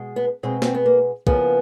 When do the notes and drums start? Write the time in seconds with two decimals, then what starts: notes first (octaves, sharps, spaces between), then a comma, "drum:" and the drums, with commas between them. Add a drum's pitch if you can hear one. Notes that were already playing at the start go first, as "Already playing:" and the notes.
Already playing: B2 G#3
0.16 B3
0.43 B2 G#3 C4
0.62 C4, drum: snare
0.74 B3
0.86 A#3
1.27 C#3 F3 A#3 B3, drum: kick